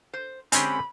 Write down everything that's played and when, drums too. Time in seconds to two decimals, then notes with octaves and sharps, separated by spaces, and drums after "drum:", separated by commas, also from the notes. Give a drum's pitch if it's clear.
0.13 C5
0.52 D3 G#3 C4 C#4 G4 G#5 B5, drum: hi-hat